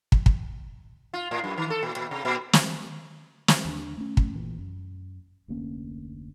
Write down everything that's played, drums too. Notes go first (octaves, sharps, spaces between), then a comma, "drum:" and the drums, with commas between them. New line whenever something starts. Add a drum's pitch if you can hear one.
drum: kick
drum: kick
F4
A2
F#2
D#3
A4
A#2
A#2
C3
A#2
drum: snare
drum: snare
D#2 D3 D4
A3 C#4
drum: kick
A#2 E3
F#2
F1 D2 A#3 C#4